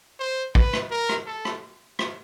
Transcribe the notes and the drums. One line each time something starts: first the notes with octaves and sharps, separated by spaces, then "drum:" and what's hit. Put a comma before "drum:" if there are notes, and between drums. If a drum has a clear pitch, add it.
C5
B4, drum: kick
drum: rim click
A#4
drum: rim click
A4
drum: rim click
drum: rim click